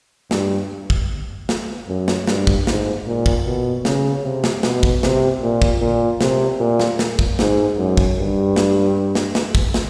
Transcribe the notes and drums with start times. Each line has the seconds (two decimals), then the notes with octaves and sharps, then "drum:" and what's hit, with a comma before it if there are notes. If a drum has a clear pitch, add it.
0.31 G2, drum: snare
0.90 drum: kick
1.49 drum: snare
1.88 F#2
2.08 drum: snare
2.27 G2, drum: snare
2.47 drum: kick
2.67 G#2, drum: snare
3.07 A#2
3.26 drum: kick
3.45 B2
3.85 C#3, drum: snare
4.24 C3
4.44 drum: snare
4.63 B2, drum: snare
4.83 drum: kick
5.03 C3, drum: snare
5.42 A#2
5.62 drum: kick
5.81 A#2
6.21 C3, drum: snare
6.60 A#2
6.80 drum: snare
6.99 drum: snare
7.19 drum: kick
7.39 G#2, drum: snare
7.77 F#2
7.97 drum: kick
8.18 G2
8.56 drum: snare
9.15 drum: snare
9.35 drum: snare
9.55 drum: kick
9.74 drum: snare